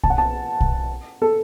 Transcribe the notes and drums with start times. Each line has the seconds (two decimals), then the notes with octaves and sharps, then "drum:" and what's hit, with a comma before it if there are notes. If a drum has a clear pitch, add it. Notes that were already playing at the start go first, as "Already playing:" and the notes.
0.04 A5, drum: kick
0.10 F#5
0.18 A5
0.61 drum: kick
1.22 A4